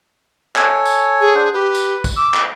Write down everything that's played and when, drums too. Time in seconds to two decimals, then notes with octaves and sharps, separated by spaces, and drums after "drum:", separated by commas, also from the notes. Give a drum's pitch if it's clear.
0.56 A4 C#5 G#5, drum: clap
0.85 drum: tambourine
1.21 G#4
1.35 D4 C5 F#5
1.54 G4 B4
1.75 drum: tambourine
2.04 drum: kick, tambourine
2.17 D6 E6
2.34 drum: clap